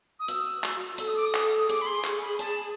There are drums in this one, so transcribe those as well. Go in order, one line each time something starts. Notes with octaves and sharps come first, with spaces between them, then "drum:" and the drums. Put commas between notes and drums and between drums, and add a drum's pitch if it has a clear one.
D#6
F#4 E6, drum: hi-hat
drum: clap
A4 E6, drum: hi-hat
D#6
D6
D#6
A4, drum: clap
G#4 D6, drum: hi-hat
B5
C6
C#6, drum: clap
B5
A5, drum: hi-hat